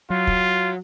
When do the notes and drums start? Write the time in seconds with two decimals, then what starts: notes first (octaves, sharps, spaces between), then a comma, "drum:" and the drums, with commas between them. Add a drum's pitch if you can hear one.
0.10 F#3 F4
0.27 drum: kick